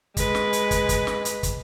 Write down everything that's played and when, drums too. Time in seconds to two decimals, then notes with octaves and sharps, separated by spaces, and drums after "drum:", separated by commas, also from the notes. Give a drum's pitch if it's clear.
0.17 G#3 B4, drum: kick, hi-hat
0.35 drum: snare
0.53 drum: hi-hat
0.71 drum: kick, hi-hat
0.89 drum: kick, hi-hat
1.07 drum: snare
1.25 drum: hi-hat
1.43 drum: kick, hi-hat